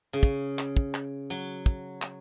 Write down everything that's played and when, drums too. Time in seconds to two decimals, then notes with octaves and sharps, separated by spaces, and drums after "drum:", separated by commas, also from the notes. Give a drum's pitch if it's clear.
0.13 C#3
0.23 drum: kick, hi-hat
0.59 drum: clap
0.77 drum: kick
0.94 drum: clap
1.30 F#3, drum: hi-hat
1.66 drum: kick, hi-hat
2.02 drum: clap